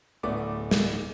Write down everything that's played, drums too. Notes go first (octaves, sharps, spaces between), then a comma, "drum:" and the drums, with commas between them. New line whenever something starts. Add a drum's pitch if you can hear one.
D1 A3 B3 D5 D6
drum: snare